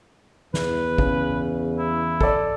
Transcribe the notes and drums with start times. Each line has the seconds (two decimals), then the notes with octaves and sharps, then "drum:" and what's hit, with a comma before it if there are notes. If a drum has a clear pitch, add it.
0.54 E2 B4, drum: snare
0.98 C#3, drum: kick
1.78 E4
2.21 A4 D5, drum: kick